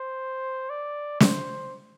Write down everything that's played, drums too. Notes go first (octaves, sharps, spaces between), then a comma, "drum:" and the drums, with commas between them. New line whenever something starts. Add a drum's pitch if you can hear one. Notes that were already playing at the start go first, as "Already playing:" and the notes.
Already playing: C5
D5
C5, drum: snare